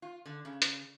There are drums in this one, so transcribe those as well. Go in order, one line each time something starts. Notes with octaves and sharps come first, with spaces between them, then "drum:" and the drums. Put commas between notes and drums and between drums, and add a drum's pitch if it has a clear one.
F4
D3
C#3
drum: hi-hat